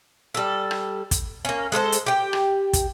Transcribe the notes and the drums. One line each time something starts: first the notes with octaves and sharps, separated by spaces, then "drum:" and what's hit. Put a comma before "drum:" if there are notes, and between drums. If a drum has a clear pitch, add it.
G3 A4
drum: rim click
drum: kick, hi-hat
A#3 C#4
G#3 A4 A#4 C5
drum: hi-hat
G4 G5
drum: rim click
drum: kick, hi-hat